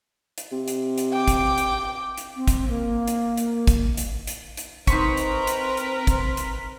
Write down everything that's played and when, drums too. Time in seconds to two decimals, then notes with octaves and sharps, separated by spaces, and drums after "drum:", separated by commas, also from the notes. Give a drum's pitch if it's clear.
0.38 drum: hi-hat
0.52 C3
0.68 drum: hi-hat
0.98 drum: hi-hat
1.13 G5 D6
1.28 drum: kick, hi-hat
1.58 drum: hi-hat
2.18 drum: hi-hat
2.36 C4
2.48 drum: kick, hi-hat
2.69 A#3
3.07 drum: hi-hat
3.37 drum: hi-hat
3.67 drum: kick, hi-hat
3.97 drum: hi-hat
4.27 drum: hi-hat
4.57 drum: hi-hat
4.87 C4 D#4 A#4 B4 A#5 C6 C#6 B6, drum: kick, hi-hat
5.17 drum: hi-hat
5.47 drum: hi-hat
5.77 drum: hi-hat
6.07 drum: kick, hi-hat
6.37 drum: hi-hat